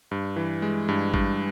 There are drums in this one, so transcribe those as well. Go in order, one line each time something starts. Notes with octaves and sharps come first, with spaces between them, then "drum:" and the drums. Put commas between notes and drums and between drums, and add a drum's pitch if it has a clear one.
G2
E3
G#3
G2
G2, drum: kick G#1